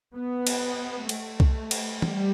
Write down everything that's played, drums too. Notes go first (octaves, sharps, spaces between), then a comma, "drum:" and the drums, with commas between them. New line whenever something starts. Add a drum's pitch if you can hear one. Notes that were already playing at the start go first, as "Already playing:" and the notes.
B3
drum: cymbal
A3, drum: cymbal
drum: kick C2
drum: cymbal
G3, drum: tom